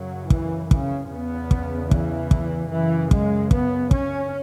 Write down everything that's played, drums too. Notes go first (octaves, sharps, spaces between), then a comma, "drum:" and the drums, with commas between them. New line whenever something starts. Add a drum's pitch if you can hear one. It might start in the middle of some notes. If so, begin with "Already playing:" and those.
Already playing: F#2 C#3 F#3
E3, drum: kick
C#3, drum: kick
E2 C#3 B3
drum: kick
E3, drum: kick
drum: kick
F#2 C#3 E3
G#3, drum: kick
B3, drum: kick
C#4, drum: kick